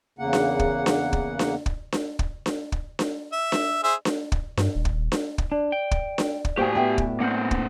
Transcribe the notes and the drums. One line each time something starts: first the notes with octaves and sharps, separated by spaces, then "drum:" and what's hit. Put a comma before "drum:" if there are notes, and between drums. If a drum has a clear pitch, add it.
E2 C#3 A#3 F#5
drum: snare D4
drum: kick
drum: snare D4
drum: kick
drum: snare D4
drum: kick
drum: snare D4
drum: kick
drum: snare D4
drum: kick
drum: snare D4
E5
drum: snare D4
G#4 C5 E5
drum: snare D4
drum: kick
G2, drum: snare D4
D#1
drum: kick
drum: snare D4
drum: kick
D4 D5
G5
drum: kick
drum: snare D4
drum: kick
A2 A#3 F#4 G4 C5 G5 G#5
B3 E5 G5
drum: kick
A2 A3 A#3 C4 F#5
drum: kick